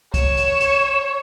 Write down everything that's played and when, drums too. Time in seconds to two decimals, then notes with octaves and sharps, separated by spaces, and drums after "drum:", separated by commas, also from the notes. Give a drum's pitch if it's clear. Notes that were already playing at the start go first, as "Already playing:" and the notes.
0.14 C#5 E7, drum: kick, hi-hat
0.37 drum: hi-hat
0.60 drum: hi-hat